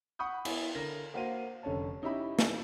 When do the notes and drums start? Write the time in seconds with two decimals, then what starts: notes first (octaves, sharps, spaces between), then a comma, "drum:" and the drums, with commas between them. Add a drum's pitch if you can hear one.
0.19 F#5 B5 C#6 D#6 G6
0.45 B3 E4, drum: cymbal
0.75 D3 A#4 A#6
1.14 A#3 F#4 C5 F5 F#5 D#7
1.63 F1 D3 C#4 C#5 A5
2.02 C#4 D#4 E4 G4 E5 B5
2.39 drum: snare